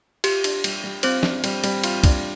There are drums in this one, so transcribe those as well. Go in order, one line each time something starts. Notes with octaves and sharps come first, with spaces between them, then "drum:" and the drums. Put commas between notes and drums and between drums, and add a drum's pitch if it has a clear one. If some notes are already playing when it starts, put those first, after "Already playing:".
F4 G4, drum: cymbal
D4, drum: cymbal
G3, drum: cymbal
G3
C4 F4 C5, drum: cymbal
D4, drum: snare
G3, drum: cymbal
G3, drum: cymbal
F4, drum: cymbal
D4, drum: kick, cymbal